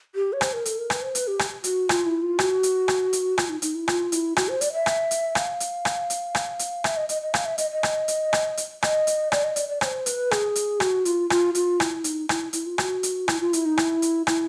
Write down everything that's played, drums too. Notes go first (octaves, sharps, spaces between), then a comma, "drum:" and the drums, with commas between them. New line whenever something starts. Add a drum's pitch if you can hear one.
G4
C#5
C5, drum: rim click
A#4
A4, drum: hi-hat
A#4
B4, drum: rim click
C5
B4, drum: hi-hat
G4
drum: rim click
F#4, drum: hi-hat
F4, drum: rim click
E4
F4
F#4, drum: rim click
drum: hi-hat
drum: rim click
drum: hi-hat
F4, drum: rim click
D#4
D#4, drum: hi-hat
E4
F4, drum: rim click
E4, drum: hi-hat
F#4, drum: rim click
C5
D5, drum: hi-hat
E5
drum: rim click
drum: hi-hat
F5, drum: rim click
drum: hi-hat
drum: rim click
drum: hi-hat
drum: rim click
drum: hi-hat
E5, drum: rim click
D#5
D#5, drum: hi-hat
D#5
F5, drum: rim click
E5
D#5, drum: hi-hat
D#5
drum: rim click
drum: hi-hat
drum: rim click
drum: hi-hat
D#5, drum: rim click
drum: hi-hat
D5, drum: rim click
D#5
D5, drum: hi-hat
D5
C#5, drum: rim click
C5
B4, drum: hi-hat
G#4, drum: rim click
drum: hi-hat
F#4, drum: rim click
F4, drum: hi-hat
F4, drum: rim click
F4, drum: hi-hat
E4, drum: rim click
D#4, drum: hi-hat
E4, drum: rim click
E4, drum: hi-hat
F4
F#4, drum: rim click
drum: hi-hat
E4, drum: rim click
F4
E4, drum: hi-hat
D#4
E4, drum: rim click
drum: hi-hat
E4, drum: rim click